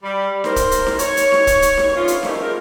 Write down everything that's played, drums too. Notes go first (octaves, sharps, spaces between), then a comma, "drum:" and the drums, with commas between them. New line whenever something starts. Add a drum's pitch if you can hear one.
G3
A#4 C5, drum: snare D#4
drum: kick, hi-hat
drum: hi-hat
drum: snare D#4
C#5, drum: hi-hat
drum: hi-hat
drum: snare D#4
drum: kick, hi-hat
drum: hi-hat
drum: snare D#4
D3 E3 F3 C#4 F4
drum: hi-hat
F3 A3 A#3 C#4 D#4 G4, drum: snare D#4
G#3 C4 F4 G4 A#4